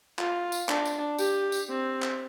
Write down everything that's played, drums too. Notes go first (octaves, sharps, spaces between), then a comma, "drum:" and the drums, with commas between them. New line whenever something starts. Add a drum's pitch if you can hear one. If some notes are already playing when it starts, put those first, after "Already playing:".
F4, drum: clap
drum: tambourine
D4, drum: clap
drum: tambourine
G4, drum: tambourine
drum: tambourine
C4
drum: clap